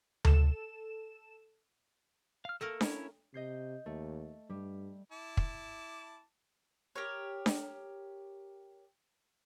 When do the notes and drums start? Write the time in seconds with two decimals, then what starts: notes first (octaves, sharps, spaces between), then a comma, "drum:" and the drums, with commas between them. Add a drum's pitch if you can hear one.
0.25 A4 E7, drum: tom D2
2.45 F5 F6
2.61 A3 A#3 A4 A#4
2.81 C#4 E4 C#5, drum: snare D4
3.34 C3 D#5 G6 C7
3.86 D#2 A3
4.50 G2 G3
5.12 E4 A5 D6
5.37 drum: kick
6.96 G4 A#4 C#5
7.46 drum: snare D4